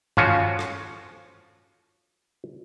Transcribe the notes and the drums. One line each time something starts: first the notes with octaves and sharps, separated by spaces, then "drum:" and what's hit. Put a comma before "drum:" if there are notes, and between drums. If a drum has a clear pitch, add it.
F3 C#4 F4 F#4, drum: tom G2
drum: rim click